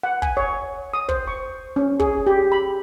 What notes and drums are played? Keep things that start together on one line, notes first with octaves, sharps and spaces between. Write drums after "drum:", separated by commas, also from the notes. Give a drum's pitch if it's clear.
F#5
G#5, drum: kick
C#5
D#6
C5, drum: kick
C#6
C#4
G#4, drum: kick
G4
B5